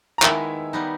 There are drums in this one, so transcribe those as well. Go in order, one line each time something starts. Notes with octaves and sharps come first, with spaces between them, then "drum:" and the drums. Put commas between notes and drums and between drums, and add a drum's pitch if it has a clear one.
A#5
D#3 G#3 B3 E4 E5 G#5, drum: clap
G3 B3 D#4